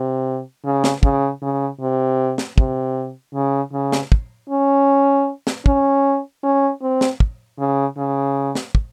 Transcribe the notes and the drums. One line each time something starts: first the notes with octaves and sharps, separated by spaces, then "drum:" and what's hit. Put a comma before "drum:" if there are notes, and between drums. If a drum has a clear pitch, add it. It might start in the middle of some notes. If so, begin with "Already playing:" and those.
Already playing: C3
C#3
drum: snare
C#3, drum: kick
C#3
C3
drum: snare
C3, drum: kick
C#3
C#3
drum: snare
drum: kick
C#4
drum: snare
C#4, drum: kick
C#4
C4
drum: snare
drum: kick
C#3
C#3
drum: snare
drum: kick